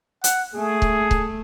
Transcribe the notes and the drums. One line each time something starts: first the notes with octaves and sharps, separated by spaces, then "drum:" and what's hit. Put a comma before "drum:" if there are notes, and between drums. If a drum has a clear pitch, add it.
F#5, drum: hi-hat
A3 G#4
drum: kick C#1
drum: kick C#1